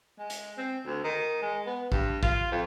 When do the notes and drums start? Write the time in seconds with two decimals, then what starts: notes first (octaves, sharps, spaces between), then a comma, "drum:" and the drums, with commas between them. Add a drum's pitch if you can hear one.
0.19 G#3
0.30 drum: hi-hat
0.57 C4
0.86 D2
1.04 D#3
1.42 G#3
1.66 B3
1.92 G2, drum: kick A1
2.23 F4, drum: kick A1
2.51 F2